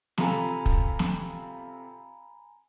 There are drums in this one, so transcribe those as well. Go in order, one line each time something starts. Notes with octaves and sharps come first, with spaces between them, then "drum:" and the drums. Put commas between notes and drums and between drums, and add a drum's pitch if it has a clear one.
C3 F4 A4 G#5 A#5 B5, drum: snare
drum: kick
drum: snare